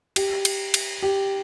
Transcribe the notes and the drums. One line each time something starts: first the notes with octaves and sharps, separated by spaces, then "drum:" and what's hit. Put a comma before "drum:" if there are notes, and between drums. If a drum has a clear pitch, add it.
G4, drum: cymbal
drum: cymbal
drum: cymbal
G4